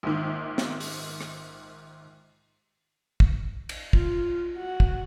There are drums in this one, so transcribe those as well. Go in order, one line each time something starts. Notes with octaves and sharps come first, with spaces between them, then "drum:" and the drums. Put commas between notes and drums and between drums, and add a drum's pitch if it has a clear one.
A#1 G#2 D#3
drum: snare
drum: open hi-hat
drum: rim click
drum: kick
drum: cymbal
F4, drum: kick
F#4
drum: kick